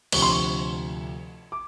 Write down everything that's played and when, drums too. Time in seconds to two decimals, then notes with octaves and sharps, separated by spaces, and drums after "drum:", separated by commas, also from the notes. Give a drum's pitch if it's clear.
0.12 D2 C3 F3 C#6, drum: cymbal
0.22 C6
0.31 C#6
1.52 D6